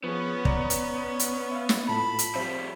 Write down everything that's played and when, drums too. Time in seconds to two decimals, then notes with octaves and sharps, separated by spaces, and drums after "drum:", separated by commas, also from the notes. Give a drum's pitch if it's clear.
0.04 F3 B3 C#4 G#4
0.45 D5 A#5, drum: kick
0.70 drum: hi-hat
1.19 drum: hi-hat
1.51 E5 F5
1.69 drum: snare
1.89 A2 F4 A4 A5 B5
2.19 drum: hi-hat
2.35 F3 G3 C4 C5 E5